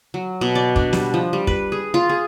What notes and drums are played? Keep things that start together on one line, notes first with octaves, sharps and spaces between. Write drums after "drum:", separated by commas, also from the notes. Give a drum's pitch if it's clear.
F#3
B2
D5
D4, drum: kick
G3, drum: snare
F3
G3
B4, drum: kick
G#4
F4
G#4